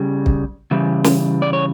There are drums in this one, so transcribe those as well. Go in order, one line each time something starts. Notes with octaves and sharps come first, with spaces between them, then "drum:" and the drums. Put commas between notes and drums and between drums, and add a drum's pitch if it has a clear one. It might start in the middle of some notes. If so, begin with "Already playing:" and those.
Already playing: C#3 G3
drum: kick
C#3 E3 G3
drum: snare
D5
C#5